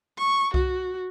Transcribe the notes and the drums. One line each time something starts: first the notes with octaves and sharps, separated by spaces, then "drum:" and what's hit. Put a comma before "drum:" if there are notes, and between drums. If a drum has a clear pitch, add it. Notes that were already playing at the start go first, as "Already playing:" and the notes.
C#6
F#4, drum: kick C2